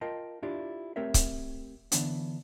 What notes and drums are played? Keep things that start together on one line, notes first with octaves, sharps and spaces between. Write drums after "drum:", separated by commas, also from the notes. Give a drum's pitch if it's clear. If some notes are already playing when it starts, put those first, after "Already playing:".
F4 A#4 D#5 G5 A5
D4 E4 F4 G4 D5
A3 C4 G4 A#4 C#5 E5
drum: kick C#1, hi-hat
D3 E3 B3 D4, drum: hi-hat